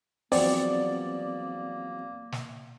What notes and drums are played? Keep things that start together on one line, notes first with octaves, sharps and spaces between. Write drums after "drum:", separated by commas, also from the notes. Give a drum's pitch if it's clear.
E2 F3 F#3 A#3 C4 D5, drum: open hi-hat
drum: snare